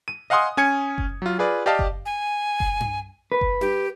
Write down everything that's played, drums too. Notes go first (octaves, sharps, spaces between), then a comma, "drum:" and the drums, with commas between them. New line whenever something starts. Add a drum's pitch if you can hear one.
D#7
D#5 F5 F#5 G#5 C6 D#6
C#4 G#5 G#6 C#7
drum: kick F#1
F#3 F4
F4 G#4 B4 D5
G4 D5 D#5 F5 A5
drum: kick F#1
G#5
drum: kick F#1
drum: tom G2
B4
drum: kick F#1
G4, drum: tom D4